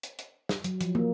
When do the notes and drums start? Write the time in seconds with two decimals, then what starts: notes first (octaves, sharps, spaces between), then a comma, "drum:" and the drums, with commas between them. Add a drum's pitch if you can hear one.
0.03 drum: hi-hat
0.19 drum: hi-hat
0.49 drum: snare
0.64 F#3, drum: hi-hat
0.81 F3, drum: hi-hat
0.95 A#3, drum: tom